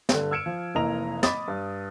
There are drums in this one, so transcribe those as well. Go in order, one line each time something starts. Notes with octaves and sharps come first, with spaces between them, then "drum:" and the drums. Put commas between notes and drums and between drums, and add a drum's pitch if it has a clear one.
G2 D3, drum: snare
E6 F6 G#6 C#7 D7 E7
F3
F1 E3 A#3 D#5 A#5 F7
D#5 B5 D6 D#6 A6, drum: snare
G2